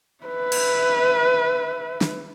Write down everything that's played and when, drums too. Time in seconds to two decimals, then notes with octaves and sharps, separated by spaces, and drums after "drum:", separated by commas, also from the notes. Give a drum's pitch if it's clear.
0.25 B4 E5
0.52 drum: cymbal
2.01 drum: snare